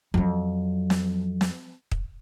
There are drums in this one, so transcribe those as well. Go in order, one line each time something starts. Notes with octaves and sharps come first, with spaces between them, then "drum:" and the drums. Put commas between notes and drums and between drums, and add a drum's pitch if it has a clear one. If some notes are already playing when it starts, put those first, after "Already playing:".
F2 F#3
drum: snare
drum: snare
drum: kick